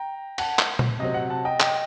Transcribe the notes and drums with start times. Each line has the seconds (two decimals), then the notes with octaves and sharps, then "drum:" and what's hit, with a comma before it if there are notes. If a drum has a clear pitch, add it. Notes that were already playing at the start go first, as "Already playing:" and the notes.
Already playing: G5 A#5
0.38 F#5 A5, drum: cymbal
0.59 drum: clap
0.79 drum: tom A#2
0.99 C3 F#3 C4 D#5
1.14 F#5
1.30 F#5 A5
1.45 D#5 G5
1.60 D#5 G5, drum: clap